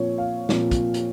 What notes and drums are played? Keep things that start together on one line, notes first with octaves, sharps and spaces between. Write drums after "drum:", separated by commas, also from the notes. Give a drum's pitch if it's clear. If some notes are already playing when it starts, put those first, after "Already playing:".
Already playing: A#2 F3 C4 C#5
F5
A#2 F3 C4, drum: snare
drum: kick, hi-hat
drum: hi-hat